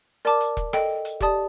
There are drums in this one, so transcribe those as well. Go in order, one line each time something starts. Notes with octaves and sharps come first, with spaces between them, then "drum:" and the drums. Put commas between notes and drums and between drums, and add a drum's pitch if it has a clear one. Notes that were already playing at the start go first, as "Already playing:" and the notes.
A#4 D5 A5 D6
drum: hi-hat
drum: kick E1
A4 D#5 G5, drum: rim click
drum: hi-hat
G4 D5 A5 D#6, drum: kick E1